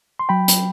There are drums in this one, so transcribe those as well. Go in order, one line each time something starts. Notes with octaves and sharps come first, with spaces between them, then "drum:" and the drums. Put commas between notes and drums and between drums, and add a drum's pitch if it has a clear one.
C6
F#3 G5 B5
drum: hi-hat